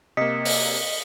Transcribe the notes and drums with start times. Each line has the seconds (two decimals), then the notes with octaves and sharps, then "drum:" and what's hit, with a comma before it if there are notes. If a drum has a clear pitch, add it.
0.17 C3 A#3 D#5 D#6 B6 C#7
0.45 drum: open hi-hat